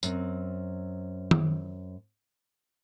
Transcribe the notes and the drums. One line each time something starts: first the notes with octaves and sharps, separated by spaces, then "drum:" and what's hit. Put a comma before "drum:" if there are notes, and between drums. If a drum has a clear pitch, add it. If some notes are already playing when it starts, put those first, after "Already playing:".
F#2 C4, drum: tambourine
drum: tom D#3